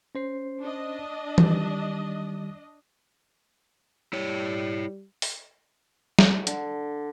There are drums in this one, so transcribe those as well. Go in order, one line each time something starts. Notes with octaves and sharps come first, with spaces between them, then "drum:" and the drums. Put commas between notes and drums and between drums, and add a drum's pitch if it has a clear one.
C#4 C5 C7
D4 D#5
D#3 G3, drum: tom E3
G3 E4 C#5
drum: open hi-hat
drum: snare
D3, drum: hi-hat